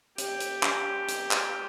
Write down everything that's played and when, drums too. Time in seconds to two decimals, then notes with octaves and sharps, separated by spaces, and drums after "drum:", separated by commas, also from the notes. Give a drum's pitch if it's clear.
0.18 G4, drum: hi-hat
0.40 drum: hi-hat
0.63 drum: clap
1.08 drum: hi-hat
1.31 drum: clap